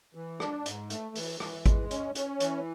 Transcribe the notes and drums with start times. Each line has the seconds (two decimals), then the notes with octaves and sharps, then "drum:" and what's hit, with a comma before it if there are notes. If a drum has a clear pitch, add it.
0.15 E3
0.40 D4, drum: rim click
0.66 G#2, drum: hi-hat
0.90 A3, drum: hi-hat
1.15 E3, drum: open hi-hat
1.40 E3, drum: rim click
1.66 G#3, drum: kick G#1, hi-hat
1.91 C#4, drum: hi-hat
2.15 C#4, drum: hi-hat
2.40 E3, drum: hi-hat